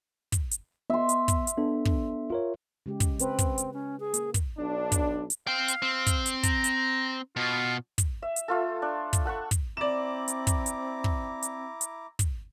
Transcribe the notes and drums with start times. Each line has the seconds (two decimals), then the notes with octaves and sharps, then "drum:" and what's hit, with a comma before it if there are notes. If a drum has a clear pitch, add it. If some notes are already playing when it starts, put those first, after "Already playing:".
0.32 drum: kick, hi-hat
0.51 drum: hi-hat
0.90 B3 E5 C6
1.09 drum: hi-hat
1.28 drum: kick, hi-hat
1.47 drum: hi-hat
1.57 B3 D4 A4
1.85 drum: kick
2.30 F4 A#4 C#5
2.86 C#3 G#3 G4
3.00 drum: kick, hi-hat
3.19 C#3 C4 B4, drum: hi-hat
3.39 drum: kick, hi-hat
3.58 drum: hi-hat
3.73 C#4
4.00 G#4
4.14 A#3, drum: hi-hat
4.34 drum: kick, hi-hat
4.58 B1 D4
4.92 drum: kick, hi-hat
5.30 drum: hi-hat
5.47 C4 F5 G5
5.68 drum: hi-hat
5.82 C4
6.06 drum: kick, hi-hat
6.26 drum: hi-hat
6.43 A#5, drum: kick, hi-hat
6.64 drum: hi-hat
7.37 B2 F4
7.98 drum: kick, hi-hat
8.22 E5
8.36 drum: hi-hat
8.48 A3 F4 A4
8.82 D4
9.13 drum: kick, hi-hat
9.25 A4 F#5 B5 C#6
9.51 drum: kick, hi-hat
9.77 C4 E4 D5 A#5 D6 E7
10.28 drum: hi-hat
10.47 drum: kick, hi-hat
10.66 drum: hi-hat
11.04 drum: kick
11.42 drum: hi-hat
11.81 drum: hi-hat
12.19 drum: kick, hi-hat